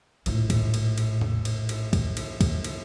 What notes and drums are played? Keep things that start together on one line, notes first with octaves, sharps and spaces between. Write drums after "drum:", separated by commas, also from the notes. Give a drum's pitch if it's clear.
A#1 A2, drum: cymbal
drum: kick, cymbal
drum: cymbal
drum: cymbal
drum: tom E2
drum: cymbal
drum: cymbal
drum: kick, cymbal
drum: cymbal
drum: kick, cymbal
drum: cymbal